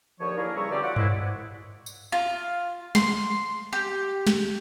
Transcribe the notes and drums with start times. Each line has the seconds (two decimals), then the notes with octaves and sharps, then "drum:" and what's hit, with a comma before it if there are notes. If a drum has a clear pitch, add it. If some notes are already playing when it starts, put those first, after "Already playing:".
0.20 D#2 D3 F3 C#5
0.37 A#3 D4 E4 G#4 A#4
0.55 G2 C#3 G3 E5 A#5 C#6
0.70 E2 B2 D3 C4 G4 D5
0.83 F4 C#5 D5 F#5
0.96 C2 G#3 E4, drum: tom G2
1.86 drum: tambourine
2.12 F4
2.95 C6, drum: snare
3.73 G4
4.27 drum: snare